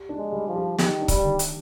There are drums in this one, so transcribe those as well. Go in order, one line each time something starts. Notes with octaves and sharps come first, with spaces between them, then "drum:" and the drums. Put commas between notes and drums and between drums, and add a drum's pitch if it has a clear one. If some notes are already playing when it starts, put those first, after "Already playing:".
Already playing: G4
D4
G#3
G3
F3
G4
D#3 G4, drum: snare
D4
G3, drum: kick C#1, hi-hat
D#3
drum: hi-hat